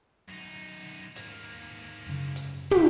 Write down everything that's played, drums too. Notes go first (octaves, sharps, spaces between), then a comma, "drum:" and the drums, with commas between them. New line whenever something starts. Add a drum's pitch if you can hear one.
F#2 D#4
G#2 A#3, drum: hi-hat
F#2 C#3
drum: hi-hat
B4 G5, drum: tom